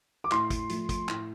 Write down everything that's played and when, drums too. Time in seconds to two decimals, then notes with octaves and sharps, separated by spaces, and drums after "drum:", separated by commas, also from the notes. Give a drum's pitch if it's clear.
0.24 D6
0.31 A2 C6, drum: clap
0.50 drum: kick, hi-hat
0.69 F3 A3, drum: hi-hat
0.89 drum: kick, hi-hat
1.09 A2, drum: clap